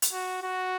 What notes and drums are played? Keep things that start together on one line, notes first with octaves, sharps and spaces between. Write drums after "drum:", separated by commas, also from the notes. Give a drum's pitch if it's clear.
drum: hi-hat
F#4
F#4